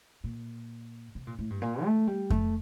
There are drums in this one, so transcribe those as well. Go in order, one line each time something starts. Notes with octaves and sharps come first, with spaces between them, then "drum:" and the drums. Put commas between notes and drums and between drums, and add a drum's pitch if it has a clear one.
A#2
C3
A#2
A2
G2
A#2
A3
G3
A3, drum: kick F2